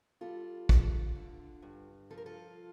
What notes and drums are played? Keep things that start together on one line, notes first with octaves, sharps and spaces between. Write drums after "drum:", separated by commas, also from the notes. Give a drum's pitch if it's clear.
G3 F4 A4
G2, drum: kick
D3
G2
F3 A4
A#4
F4 A4